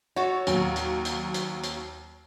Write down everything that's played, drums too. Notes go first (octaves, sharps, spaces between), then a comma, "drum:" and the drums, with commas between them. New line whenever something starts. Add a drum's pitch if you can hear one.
F#4 A4 C#5
D#2 F#3, drum: hi-hat
drum: hi-hat
drum: hi-hat
drum: hi-hat
drum: hi-hat